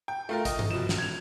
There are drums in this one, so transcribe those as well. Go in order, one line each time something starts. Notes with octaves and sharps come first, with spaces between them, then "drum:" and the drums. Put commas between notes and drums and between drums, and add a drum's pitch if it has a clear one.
G5
A3 F4 A#4
D#5, drum: kick, hi-hat
drum: tom G2
B2 F3 E7
drum: snare
G#6 F7